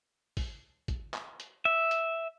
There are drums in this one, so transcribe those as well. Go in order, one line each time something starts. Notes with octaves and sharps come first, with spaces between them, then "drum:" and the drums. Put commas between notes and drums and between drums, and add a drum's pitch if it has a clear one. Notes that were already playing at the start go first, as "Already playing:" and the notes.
drum: kick, open hi-hat
drum: kick, hi-hat
drum: clap
drum: hi-hat
E5
drum: hi-hat